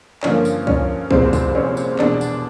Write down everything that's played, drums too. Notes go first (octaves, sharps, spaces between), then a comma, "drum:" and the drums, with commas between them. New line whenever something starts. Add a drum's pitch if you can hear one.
G2 D3 F3 A#3 C#4, drum: clap
drum: tambourine
C#4, drum: kick
C2 A#2 F3 G#3 C4, drum: kick
drum: kick, tambourine
C#4
drum: tambourine
E2 B2 G#3 D4, drum: clap
drum: tambourine